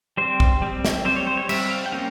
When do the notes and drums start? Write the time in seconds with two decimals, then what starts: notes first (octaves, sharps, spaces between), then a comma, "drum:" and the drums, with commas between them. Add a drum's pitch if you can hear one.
0.17 G3 C4 C5
0.40 drum: kick
0.62 G3 C4
0.85 drum: snare
1.05 G3 C4 C5
1.16 C#5
1.27 C5
1.37 C#5
1.49 G3 C4 E5, drum: cymbal
1.70 F5
1.86 G5
1.92 A#3 C#4 F5